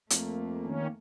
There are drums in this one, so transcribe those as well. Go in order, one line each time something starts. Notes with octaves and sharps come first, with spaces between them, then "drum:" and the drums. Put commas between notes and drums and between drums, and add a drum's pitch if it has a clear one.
F2 A3 A#3, drum: hi-hat
D#3 C#4